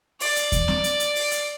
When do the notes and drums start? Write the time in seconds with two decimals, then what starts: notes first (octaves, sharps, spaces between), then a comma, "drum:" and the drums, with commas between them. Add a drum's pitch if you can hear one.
0.20 D5, drum: open hi-hat
0.36 drum: hi-hat
0.52 drum: kick D#2, hi-hat
0.68 drum: snare C4
0.84 drum: hi-hat
1.00 drum: hi-hat
1.16 drum: open hi-hat
1.31 drum: hi-hat